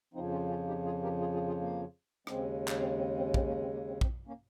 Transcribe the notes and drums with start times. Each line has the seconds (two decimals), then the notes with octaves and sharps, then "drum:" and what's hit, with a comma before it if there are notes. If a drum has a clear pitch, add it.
0.14 F2 C#3 F3 C4 D#4
0.31 C#4 F4
0.49 C#4 F4
0.67 D#4 G4
0.85 F4 G#4
1.03 G4 A#4
1.20 F4 G#4
1.33 F4 G#4
1.47 F4 G#4
1.61 A#3
2.27 D#2 C#3 G#3 C4, drum: rim click
2.68 drum: clap
2.81 C4
2.98 C4
3.17 C4
3.34 C4, drum: kick A#1
3.47 A#3 C#4
3.61 C4
3.74 A#3
3.88 C4
4.01 C4, drum: kick A#1
4.27 A#3 C#4